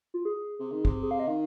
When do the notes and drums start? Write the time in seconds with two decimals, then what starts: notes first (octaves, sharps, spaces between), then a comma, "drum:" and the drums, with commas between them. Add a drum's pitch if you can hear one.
0.14 F4
0.25 G#4
0.59 C3 G#4
0.72 D#3
0.85 C3, drum: kick
1.02 G#4
1.11 F5
1.19 D#5
1.27 D#3 F5